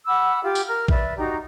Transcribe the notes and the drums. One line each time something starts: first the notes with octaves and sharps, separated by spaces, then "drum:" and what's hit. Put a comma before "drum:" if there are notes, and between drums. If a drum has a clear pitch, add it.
F#5 B5 D6 E6
F4 G4
drum: tambourine
A#4 F6
B4 D5 E5, drum: kick A#1
D#4 F#4 G4 A#5